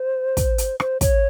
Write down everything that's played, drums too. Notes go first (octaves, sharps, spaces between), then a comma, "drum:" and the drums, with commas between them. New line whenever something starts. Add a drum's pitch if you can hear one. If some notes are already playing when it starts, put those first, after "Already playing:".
Already playing: C5
drum: kick, hi-hat
drum: hi-hat
C5, drum: rim click
C#5, drum: kick, hi-hat